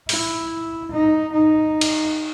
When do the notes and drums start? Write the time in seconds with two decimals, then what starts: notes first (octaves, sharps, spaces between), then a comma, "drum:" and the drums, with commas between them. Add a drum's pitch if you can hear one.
0.09 E4, drum: open hi-hat
0.91 D#4
1.32 D#4
1.81 drum: cymbal